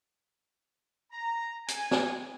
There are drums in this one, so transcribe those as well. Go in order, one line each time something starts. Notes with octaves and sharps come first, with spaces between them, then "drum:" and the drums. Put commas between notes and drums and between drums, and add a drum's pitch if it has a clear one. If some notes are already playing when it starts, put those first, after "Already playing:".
A#5
G#5, drum: hi-hat
drum: snare